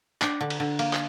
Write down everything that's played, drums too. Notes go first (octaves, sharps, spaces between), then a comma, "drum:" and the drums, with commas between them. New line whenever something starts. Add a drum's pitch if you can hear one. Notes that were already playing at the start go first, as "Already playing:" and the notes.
D4 G5, drum: clap
D3
drum: cymbal
D3
A#3, drum: cymbal
drum: clap